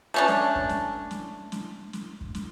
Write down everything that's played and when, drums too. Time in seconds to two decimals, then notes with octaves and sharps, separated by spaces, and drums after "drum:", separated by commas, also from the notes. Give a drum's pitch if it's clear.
0.14 A3 C#4 D4
0.28 drum: snare
0.56 drum: kick
0.69 drum: snare
1.11 drum: snare
1.52 drum: snare
1.93 drum: snare
2.21 drum: kick
2.35 drum: snare